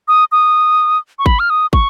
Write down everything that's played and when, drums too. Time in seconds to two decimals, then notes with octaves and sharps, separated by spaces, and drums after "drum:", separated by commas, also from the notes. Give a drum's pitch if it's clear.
0.08 D#6
0.32 D#6
1.19 C#6
1.26 B5, drum: kick
1.39 F6
1.50 D#6
1.73 C#6, drum: kick